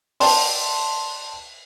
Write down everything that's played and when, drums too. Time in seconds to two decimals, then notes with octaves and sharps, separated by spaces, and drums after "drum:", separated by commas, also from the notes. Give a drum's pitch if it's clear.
0.20 D5 G5 A5 C6, drum: open hi-hat